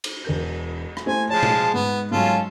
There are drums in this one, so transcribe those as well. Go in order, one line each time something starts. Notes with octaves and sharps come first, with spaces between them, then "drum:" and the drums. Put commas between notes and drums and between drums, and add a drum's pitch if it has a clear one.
drum: cymbal
E1 A#4 G6
drum: rim click
A3 E4 C5 G#5
F3 G#3 C#5 A5
drum: tom B2
G#2 B3
G#2 F#3 C#4 F4 A4